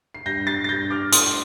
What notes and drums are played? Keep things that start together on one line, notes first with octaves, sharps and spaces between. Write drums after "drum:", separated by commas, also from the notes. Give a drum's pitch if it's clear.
C7
G2 G6 A#6
A6 C7
A6
G2 G6 A#6
D6 F6
A3 C6 D#6, drum: hi-hat